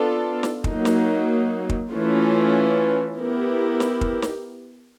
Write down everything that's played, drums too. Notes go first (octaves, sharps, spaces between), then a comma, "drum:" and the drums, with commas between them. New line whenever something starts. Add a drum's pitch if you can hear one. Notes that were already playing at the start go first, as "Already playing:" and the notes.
Already playing: B3 D4 F4 A4
drum: snare
F#3 A#3 D#4, drum: kick
drum: snare
drum: kick
E3 A3 C#4 F4
B3 E4 G4 A#4
drum: snare
drum: kick
drum: snare